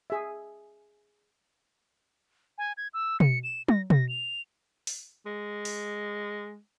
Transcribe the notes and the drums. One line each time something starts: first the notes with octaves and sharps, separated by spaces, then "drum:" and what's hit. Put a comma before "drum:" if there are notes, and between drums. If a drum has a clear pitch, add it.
G#4 E5
G#5
G#6
E6
C#7, drum: tom
E7
A#6, drum: tom
A#6, drum: tom
F7
drum: open hi-hat
G#3
drum: open hi-hat